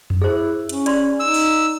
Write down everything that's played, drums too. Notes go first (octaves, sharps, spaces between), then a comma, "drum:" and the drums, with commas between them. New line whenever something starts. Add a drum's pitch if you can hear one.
drum: tom F2
E4 G#4 C5
C#4, drum: hi-hat
D5 B5 C6, drum: hi-hat
D#4 E6
drum: open hi-hat